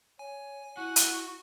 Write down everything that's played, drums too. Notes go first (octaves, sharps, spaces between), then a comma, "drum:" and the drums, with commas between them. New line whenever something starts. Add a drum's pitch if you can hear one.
C#5 G#5
E4 F#4 F#5
drum: hi-hat